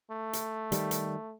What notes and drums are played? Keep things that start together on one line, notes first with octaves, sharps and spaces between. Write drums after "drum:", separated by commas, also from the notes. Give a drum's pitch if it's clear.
A3
drum: hi-hat
D#3 G3, drum: hi-hat
drum: hi-hat